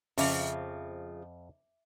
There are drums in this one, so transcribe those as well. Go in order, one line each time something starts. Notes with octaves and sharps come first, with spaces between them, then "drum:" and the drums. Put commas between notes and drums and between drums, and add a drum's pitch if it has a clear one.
F2 C#3 F3 E5 A#5 D6, drum: open hi-hat